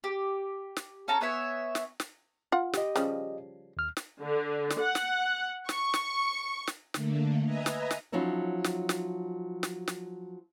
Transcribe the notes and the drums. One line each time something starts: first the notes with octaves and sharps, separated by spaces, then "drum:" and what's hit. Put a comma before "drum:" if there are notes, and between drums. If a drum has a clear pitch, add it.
G4
drum: snare
C#4 A4 A5 A#5
B3 C#5 E5 G#5
drum: snare
drum: snare
F4 F#5
G4 D#5, drum: snare
C#3 F3 G3, drum: snare
D#2 F6
drum: snare
D3
drum: snare
F#5
drum: snare
C#6, drum: snare
drum: snare
drum: snare
D3 A3 A#3, drum: snare
B4 D#5 E5 G#5 A#5
drum: snare
drum: snare
F3 F#3 C#4 D#4 E4
drum: snare
drum: snare
drum: snare
drum: snare